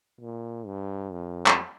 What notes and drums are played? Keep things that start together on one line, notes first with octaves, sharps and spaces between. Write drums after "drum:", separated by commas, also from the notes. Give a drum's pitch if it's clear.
A#2
G2
F2
drum: clap